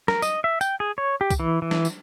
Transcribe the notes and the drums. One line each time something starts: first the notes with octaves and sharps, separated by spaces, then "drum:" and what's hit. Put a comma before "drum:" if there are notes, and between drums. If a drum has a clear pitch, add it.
A#4, drum: snare
D#5, drum: tambourine
E5
G5, drum: tambourine
G#4
C#5
G4
drum: kick, tambourine
E3
E3
drum: snare
drum: tambourine